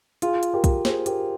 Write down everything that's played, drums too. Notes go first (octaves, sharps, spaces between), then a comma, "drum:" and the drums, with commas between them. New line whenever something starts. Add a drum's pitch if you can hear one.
F4 G#4, drum: hi-hat
drum: hi-hat
G4 A#4
drum: kick, hi-hat
G#4 C5, drum: snare
G4 A#4, drum: hi-hat